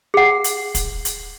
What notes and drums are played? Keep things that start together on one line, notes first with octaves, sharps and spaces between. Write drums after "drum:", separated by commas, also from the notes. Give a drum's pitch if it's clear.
G#4 F#5
drum: hi-hat
drum: kick, hi-hat
drum: hi-hat